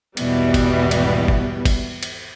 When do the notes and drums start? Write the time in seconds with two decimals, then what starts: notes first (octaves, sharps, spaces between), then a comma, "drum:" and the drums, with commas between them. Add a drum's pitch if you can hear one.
0.17 G#1 E2 B2 E3 G3 B3, drum: cymbal
0.54 drum: kick, cymbal
0.91 drum: cymbal
1.28 drum: kick
1.65 drum: kick, cymbal
2.03 drum: cymbal